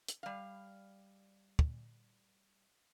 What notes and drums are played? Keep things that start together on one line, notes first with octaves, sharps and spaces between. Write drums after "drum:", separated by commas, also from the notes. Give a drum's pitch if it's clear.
drum: hi-hat
G3 F5
drum: kick